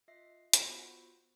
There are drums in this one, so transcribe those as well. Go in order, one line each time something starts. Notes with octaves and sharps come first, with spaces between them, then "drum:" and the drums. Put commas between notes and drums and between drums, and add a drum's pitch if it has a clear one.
F4 D#5 E5 A#6 C7
B3 F4 F#4 C5 B5, drum: hi-hat